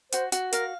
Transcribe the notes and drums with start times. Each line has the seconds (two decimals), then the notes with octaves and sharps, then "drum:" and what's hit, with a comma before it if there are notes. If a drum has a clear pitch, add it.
0.12 F#4 C5, drum: hi-hat
0.32 F#4, drum: hi-hat
0.52 A#4 F5, drum: hi-hat